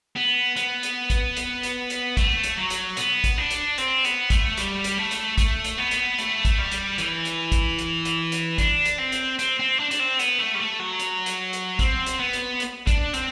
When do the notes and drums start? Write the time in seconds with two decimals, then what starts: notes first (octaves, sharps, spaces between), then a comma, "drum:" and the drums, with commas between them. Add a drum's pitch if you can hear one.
0.16 B3
0.56 B3, drum: hi-hat
0.83 drum: hi-hat
1.10 drum: kick, hi-hat
1.37 drum: hi-hat
1.63 drum: hi-hat
1.90 drum: hi-hat
2.17 A3, drum: kick, hi-hat
2.44 drum: hi-hat
2.58 F#3
2.70 drum: hi-hat
2.97 B3, drum: hi-hat
3.24 drum: kick, hi-hat
3.38 D4
3.51 drum: hi-hat
3.78 C4, drum: hi-hat
4.05 B3, drum: hi-hat
4.30 A3, drum: kick, hi-hat
4.57 G3, drum: hi-hat
4.84 drum: hi-hat
4.98 A3
5.11 drum: hi-hat
5.38 A3, drum: kick, hi-hat
5.65 drum: hi-hat
5.77 B3
5.91 drum: hi-hat
6.18 A3, drum: hi-hat
6.45 drum: kick, hi-hat
6.58 G3
6.72 drum: hi-hat
6.98 E3, drum: hi-hat
7.25 drum: hi-hat
7.52 drum: kick, hi-hat
7.78 drum: hi-hat
8.05 drum: hi-hat
8.32 drum: hi-hat
8.58 D4, drum: kick, hi-hat
8.85 drum: hi-hat
8.99 C4
9.12 drum: hi-hat
9.39 C4, drum: hi-hat
9.59 C4
9.79 D4
9.91 D4, drum: hi-hat
10.00 C4
10.19 B3, drum: hi-hat
10.39 A3
10.55 G3
10.59 A3
10.80 F#3
10.99 drum: hi-hat
11.26 drum: hi-hat
11.53 drum: hi-hat
11.79 C4, drum: kick, hi-hat
12.06 drum: hi-hat
12.20 B3
12.33 drum: hi-hat
12.60 drum: hi-hat
12.87 D4, drum: kick, hi-hat
13.14 C4, drum: hi-hat